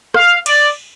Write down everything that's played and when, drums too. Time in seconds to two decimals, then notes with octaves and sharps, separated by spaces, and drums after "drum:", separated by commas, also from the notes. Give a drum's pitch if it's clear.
0.14 F5, drum: rim click
0.46 D5, drum: cymbal